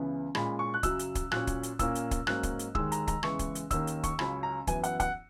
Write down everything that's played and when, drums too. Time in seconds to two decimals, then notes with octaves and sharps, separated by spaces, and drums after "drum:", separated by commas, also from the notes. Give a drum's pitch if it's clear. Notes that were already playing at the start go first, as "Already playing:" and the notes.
Already playing: C#2 C#3 E3 B3
0.35 A#2 G#3 C#4 B5, drum: rim click
0.59 C#6
0.74 F#6
0.83 F#2 C#3 F#3 E6, drum: kick, hi-hat
0.99 drum: hi-hat
1.15 drum: kick, hi-hat
1.32 A#2 F#3 C#4 F#6, drum: rim click
1.47 drum: kick, hi-hat
1.63 drum: hi-hat
1.79 A#2 A#3 C#4 E6, drum: kick, hi-hat
1.95 drum: hi-hat
2.11 drum: kick, hi-hat
2.27 G#2 F#3 A#3 C#4 F#6, drum: rim click
2.43 drum: kick, hi-hat
2.59 drum: hi-hat
2.75 D#2 D#3 G#3 E6, drum: kick
2.92 A#5, drum: hi-hat
3.07 A#5, drum: kick, hi-hat
3.23 E2 C#3 E3 G#3 C#6, drum: rim click
3.39 drum: kick, hi-hat
3.55 drum: hi-hat
3.71 D#2 D#3 A#3 C#4 E6, drum: kick, hi-hat
3.87 drum: hi-hat
4.03 C#6, drum: kick, hi-hat
4.19 C#2 C#3 F#3 C#4 B5, drum: rim click
4.43 A#5
4.67 F#2 E3 B3 G#5, drum: kick, hi-hat
4.84 F#5, drum: hi-hat
5.00 F#5, drum: kick, hi-hat